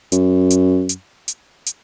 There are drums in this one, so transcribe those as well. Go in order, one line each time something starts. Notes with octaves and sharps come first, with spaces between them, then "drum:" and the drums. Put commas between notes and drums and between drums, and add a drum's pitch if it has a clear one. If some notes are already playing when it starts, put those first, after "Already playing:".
F#2, drum: hi-hat
drum: hi-hat
drum: hi-hat
drum: hi-hat
drum: hi-hat